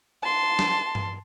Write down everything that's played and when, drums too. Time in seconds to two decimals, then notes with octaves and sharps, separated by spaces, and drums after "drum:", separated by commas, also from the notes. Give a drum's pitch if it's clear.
0.23 A5 C6
0.59 drum: snare
0.95 drum: tom G2